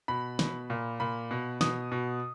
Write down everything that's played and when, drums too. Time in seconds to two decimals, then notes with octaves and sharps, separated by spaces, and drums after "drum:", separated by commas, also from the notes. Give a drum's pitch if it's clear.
0.08 B2 B5
0.39 B2, drum: snare
0.70 A#2
1.00 A#2 B5
1.31 B2
1.61 B2 D#6, drum: snare
1.92 B2